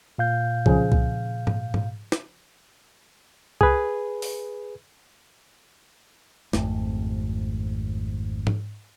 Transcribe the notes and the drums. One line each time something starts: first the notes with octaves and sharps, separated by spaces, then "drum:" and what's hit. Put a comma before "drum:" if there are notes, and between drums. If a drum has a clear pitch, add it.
A#2 F5 G6
C#3 F3 G#4, drum: kick C2
drum: kick C2
drum: tom G#2
drum: tom G#2
drum: snare
G#4 B4, drum: kick C2
drum: open hi-hat
G#1 F2 A3, drum: snare
drum: tom G#2